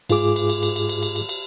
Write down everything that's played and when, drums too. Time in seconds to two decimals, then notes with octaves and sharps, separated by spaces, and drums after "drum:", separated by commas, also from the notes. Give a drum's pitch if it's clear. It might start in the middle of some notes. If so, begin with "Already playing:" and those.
0.09 G#2 F4 G#4 D6, drum: cymbal
0.36 drum: cymbal
0.49 drum: cymbal
0.63 drum: cymbal
0.76 drum: cymbal
0.89 drum: cymbal
1.02 drum: cymbal
1.16 drum: cymbal
1.29 drum: cymbal